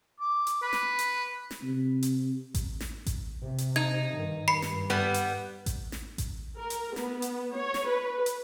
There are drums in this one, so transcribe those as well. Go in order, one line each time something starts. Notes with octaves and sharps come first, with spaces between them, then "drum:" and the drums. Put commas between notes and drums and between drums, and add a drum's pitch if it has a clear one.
D6
drum: hi-hat
B4
drum: snare
drum: hi-hat
drum: snare
C3
drum: hi-hat
drum: kick A1, hi-hat
drum: snare
drum: kick A1, hi-hat
C3
drum: hi-hat
D#4 G#6
G2 D#3
G2 B5 C7 C#7
drum: snare
G3 B3
drum: hi-hat
drum: kick A1, hi-hat
drum: snare
drum: kick A1, hi-hat
A#4
drum: hi-hat
B3, drum: snare
drum: hi-hat
C#5
drum: snare
B4
drum: hi-hat